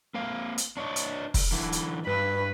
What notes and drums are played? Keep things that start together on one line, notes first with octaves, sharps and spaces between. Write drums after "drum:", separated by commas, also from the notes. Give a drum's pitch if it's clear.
A#3 C4 F5
drum: hi-hat
D4 C#5 D#5
drum: hi-hat
drum: kick, open hi-hat
D3 E3
drum: hi-hat
G2 B4